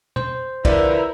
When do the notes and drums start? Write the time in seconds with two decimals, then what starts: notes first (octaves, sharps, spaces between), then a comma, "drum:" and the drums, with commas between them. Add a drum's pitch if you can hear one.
0.16 C5, drum: tom
0.65 D3 F3 E4 G4 A#4 B4 D5 E5, drum: kick